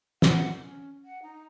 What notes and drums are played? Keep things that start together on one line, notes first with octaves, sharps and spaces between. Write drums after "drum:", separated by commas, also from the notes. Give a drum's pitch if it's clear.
F#5, drum: snare
C#4
F#5
D#4